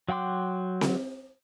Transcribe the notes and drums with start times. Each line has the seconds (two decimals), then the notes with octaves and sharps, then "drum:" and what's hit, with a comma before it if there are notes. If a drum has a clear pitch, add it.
0.09 F#3 F#5 G5 C6 D6
0.81 drum: snare C4